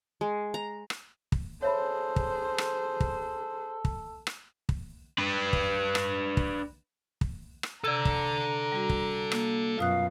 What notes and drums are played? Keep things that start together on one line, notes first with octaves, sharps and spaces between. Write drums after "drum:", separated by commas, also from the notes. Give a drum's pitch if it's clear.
G#3
A#5
drum: rim click
drum: kick
G#4 A4 C5 C#5 E5 B5
drum: kick
drum: rim click
drum: kick
drum: kick
drum: rim click
drum: kick
D4 B4
drum: kick
drum: rim click
drum: kick
drum: kick
drum: rim click
C3 A4 D5 A#5 E6 G#6
drum: kick
G3 F#4
drum: kick
A#3, drum: rim click
F#2 B2 F4 F5 D#6 F#6